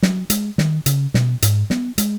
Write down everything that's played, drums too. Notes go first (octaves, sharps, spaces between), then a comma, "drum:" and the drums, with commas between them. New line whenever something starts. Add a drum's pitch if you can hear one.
F#3, drum: snare
G#3, drum: hi-hat
D#3, drum: snare
C#3, drum: hi-hat
B2, drum: snare
G#2, drum: hi-hat
B3, drum: snare
G#3, drum: hi-hat